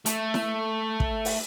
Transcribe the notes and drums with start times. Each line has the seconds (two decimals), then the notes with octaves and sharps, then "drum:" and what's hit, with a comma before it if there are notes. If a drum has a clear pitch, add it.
0.06 A3, drum: hi-hat
0.34 drum: snare E4
1.00 drum: kick
1.25 drum: open hi-hat